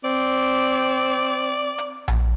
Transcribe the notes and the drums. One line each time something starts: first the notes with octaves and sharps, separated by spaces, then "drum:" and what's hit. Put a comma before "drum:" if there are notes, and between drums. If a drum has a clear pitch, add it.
C4 D5
drum: hi-hat
drum: tom A#1